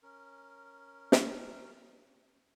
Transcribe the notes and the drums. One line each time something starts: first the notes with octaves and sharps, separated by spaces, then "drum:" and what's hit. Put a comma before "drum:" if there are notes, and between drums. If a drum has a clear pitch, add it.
C#4 A#4
drum: snare